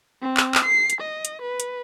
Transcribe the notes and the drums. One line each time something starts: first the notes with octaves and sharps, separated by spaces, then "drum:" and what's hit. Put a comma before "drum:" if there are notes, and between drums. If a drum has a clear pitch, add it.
C4
drum: clap
drum: clap
C7
drum: hi-hat
D#5
drum: hi-hat
B4
drum: hi-hat